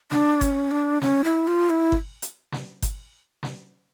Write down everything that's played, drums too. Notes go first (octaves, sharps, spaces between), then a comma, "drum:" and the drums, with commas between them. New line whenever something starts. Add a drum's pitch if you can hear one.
D4, drum: snare
C#4, drum: kick G1, hi-hat
D4
C#4, drum: snare
E4
F4
E4
drum: kick G1
drum: hi-hat
drum: snare
drum: kick G1, hi-hat
drum: snare